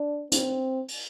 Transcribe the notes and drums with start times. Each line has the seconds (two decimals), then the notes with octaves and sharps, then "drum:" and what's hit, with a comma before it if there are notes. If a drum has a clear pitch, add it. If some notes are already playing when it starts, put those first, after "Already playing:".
Already playing: D4
0.32 C4, drum: hi-hat
0.88 drum: open hi-hat